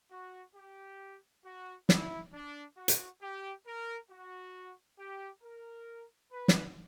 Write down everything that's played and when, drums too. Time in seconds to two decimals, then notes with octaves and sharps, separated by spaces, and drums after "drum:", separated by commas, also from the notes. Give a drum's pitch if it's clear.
0.11 F#4
0.55 G4
1.44 F#4
1.89 E4, drum: snare
2.33 D4
2.77 F#4
2.88 drum: hi-hat
3.21 G4
3.66 A#4
4.10 F#4
4.99 G4
5.43 A#4
6.32 B4
6.48 drum: snare